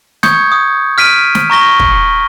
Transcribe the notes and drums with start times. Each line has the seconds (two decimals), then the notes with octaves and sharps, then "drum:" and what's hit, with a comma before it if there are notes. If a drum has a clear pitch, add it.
0.23 C#6 D#6 G6 G#6 C#7, drum: snare
0.52 D#6
0.98 F6 B6 D7 D#7
1.35 drum: snare
1.50 A#5 C#6 A#6 G7
1.79 drum: kick